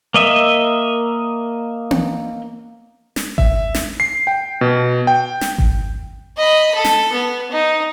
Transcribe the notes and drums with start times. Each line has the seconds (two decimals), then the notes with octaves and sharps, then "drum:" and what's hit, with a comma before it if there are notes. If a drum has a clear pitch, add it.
0.14 A#3 D#5 E5
1.91 drum: tom B3
3.16 drum: snare
3.38 E5, drum: kick G#1
3.74 drum: snare
4.00 C7
4.27 G5
4.61 B2
5.07 G5
5.41 drum: snare
5.58 drum: kick G#1
6.38 D#5 B5
6.75 A4
6.84 drum: snare
7.13 B3
7.51 D#4